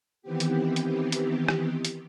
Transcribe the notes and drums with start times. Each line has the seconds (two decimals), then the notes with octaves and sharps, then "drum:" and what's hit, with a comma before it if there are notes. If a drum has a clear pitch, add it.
0.22 D#3 E3 B3 C4 G4
0.40 drum: hi-hat
0.76 drum: hi-hat
1.12 drum: hi-hat
1.48 drum: rim click
1.85 drum: hi-hat